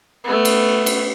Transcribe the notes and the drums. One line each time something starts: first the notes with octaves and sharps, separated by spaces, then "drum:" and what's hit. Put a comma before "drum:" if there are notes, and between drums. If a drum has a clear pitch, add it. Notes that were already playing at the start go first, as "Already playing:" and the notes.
A3 B3
drum: cymbal
drum: cymbal